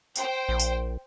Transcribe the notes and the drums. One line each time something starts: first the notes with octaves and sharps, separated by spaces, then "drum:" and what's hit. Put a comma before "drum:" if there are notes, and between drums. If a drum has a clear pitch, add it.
C5 G5, drum: tambourine
A#1
drum: tambourine